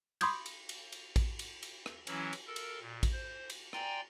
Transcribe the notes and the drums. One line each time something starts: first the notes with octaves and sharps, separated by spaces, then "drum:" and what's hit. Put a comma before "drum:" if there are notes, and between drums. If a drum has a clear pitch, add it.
B5 C6 D6 D#6 G6 G#6, drum: cymbal
drum: cymbal
drum: cymbal
drum: cymbal
drum: kick A1, cymbal
drum: cymbal
drum: cymbal
drum: rim click
E3 F#3 C#4 E4, drum: cymbal
drum: cymbal
A4 A#4
drum: cymbal
A#2
drum: kick A1, cymbal
C5
drum: cymbal
D5 G5 G#5 A#5 C6, drum: rim click